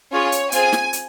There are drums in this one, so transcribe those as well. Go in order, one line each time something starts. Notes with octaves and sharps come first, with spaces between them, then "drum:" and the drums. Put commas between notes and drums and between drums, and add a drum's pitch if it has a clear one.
C#4 F4 G#4 C#5
drum: hi-hat
C4 F4 G#4 G#5, drum: hi-hat
drum: snare
drum: hi-hat